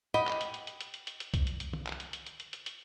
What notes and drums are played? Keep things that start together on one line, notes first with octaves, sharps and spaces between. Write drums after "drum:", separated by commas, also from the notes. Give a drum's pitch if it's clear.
G4 D#5 F#5 B5, drum: tom
drum: clap
drum: hi-hat
drum: hi-hat
drum: hi-hat
drum: hi-hat
drum: hi-hat
drum: hi-hat
drum: hi-hat
drum: kick C2, hi-hat
drum: hi-hat
drum: hi-hat
drum: tom
drum: clap
drum: hi-hat
drum: hi-hat
drum: hi-hat
drum: hi-hat
drum: hi-hat
drum: hi-hat